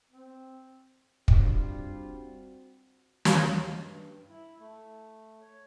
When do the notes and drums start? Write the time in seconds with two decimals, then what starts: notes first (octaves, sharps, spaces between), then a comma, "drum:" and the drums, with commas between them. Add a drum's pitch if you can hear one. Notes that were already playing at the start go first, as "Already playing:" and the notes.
0.11 C4
1.28 G3 C4 D4 F4 F#4, drum: kick
3.25 D#2, drum: snare
3.78 G2
4.29 E4
4.59 A3
5.41 C#5